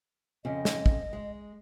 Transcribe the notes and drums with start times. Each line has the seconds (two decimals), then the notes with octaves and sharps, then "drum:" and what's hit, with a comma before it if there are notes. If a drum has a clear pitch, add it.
0.45 F2 C#3 C4 D#5
0.65 drum: snare
0.86 drum: kick
1.13 G#3